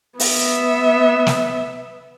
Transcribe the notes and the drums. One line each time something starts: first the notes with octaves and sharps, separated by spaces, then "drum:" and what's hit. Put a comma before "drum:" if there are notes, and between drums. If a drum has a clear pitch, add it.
B3 E5, drum: open hi-hat
drum: snare